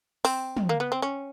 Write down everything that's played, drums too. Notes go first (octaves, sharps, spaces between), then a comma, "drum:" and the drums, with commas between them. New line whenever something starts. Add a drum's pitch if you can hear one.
C4, drum: open hi-hat
drum: tom
A#3
B3
C4
C#4